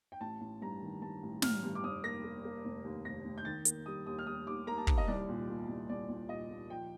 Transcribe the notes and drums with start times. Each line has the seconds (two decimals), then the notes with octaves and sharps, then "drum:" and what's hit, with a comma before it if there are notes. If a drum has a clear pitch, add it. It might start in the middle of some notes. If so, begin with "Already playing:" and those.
0.12 G5
0.20 A1 A5
0.41 A1
0.61 G2 A#5
0.82 D#3
1.02 G2 A5
1.23 A1
1.42 A1 F6, drum: snare
1.64 G2
1.75 D6
1.83 F1 D#6
2.04 A#3 A#6
2.24 A#3
2.45 A#3
2.65 F1
2.84 D#2
3.05 F1 A#6
3.25 F1
3.38 G6
3.45 D#3 A6
3.65 A#3, drum: hi-hat
3.86 G3 D#6
4.06 D#2 D#6
4.19 F6
4.27 G3 D#6
4.47 D#2 D6
4.67 A#3 A#5
4.78 A5
4.87 D#2, drum: kick
4.97 D#5
5.07 C2 D5
5.29 A#2
5.49 A#2
5.68 C2
5.89 C2 D5
6.09 C2
6.29 A#2 D#5
6.50 A#2
6.70 F3 G5